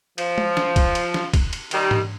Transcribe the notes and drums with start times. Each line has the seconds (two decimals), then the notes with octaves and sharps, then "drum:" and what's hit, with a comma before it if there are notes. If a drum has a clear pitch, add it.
0.18 F3, drum: cymbal
0.38 drum: tom G#3
0.57 drum: snare
0.76 drum: kick, cymbal
0.95 drum: cymbal
1.14 drum: snare
1.34 drum: kick, cymbal
1.53 drum: cymbal
1.71 D#3 G3, drum: cymbal
1.91 drum: tom G#2